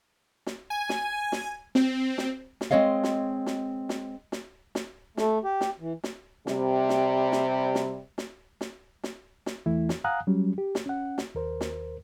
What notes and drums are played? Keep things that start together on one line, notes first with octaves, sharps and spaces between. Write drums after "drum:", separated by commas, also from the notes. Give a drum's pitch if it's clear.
drum: snare
G#5
drum: snare
drum: snare
C4, drum: snare
drum: snare
drum: snare
G#3 C4 C#5 D#5 F5
drum: snare
drum: snare
drum: snare
drum: snare
drum: snare
A3, drum: snare
G4
drum: snare
E3
drum: snare
C3 G3, drum: snare
drum: snare
drum: snare
drum: snare
drum: snare
drum: snare
drum: snare
drum: snare
E2 E3 A3 E4
drum: snare
F5 F#5 G#5 A#5 D#6 F#6
F#3 G3 C#4
G4
drum: snare
C#4 F#5
drum: snare
D#2 A#4 C5
drum: snare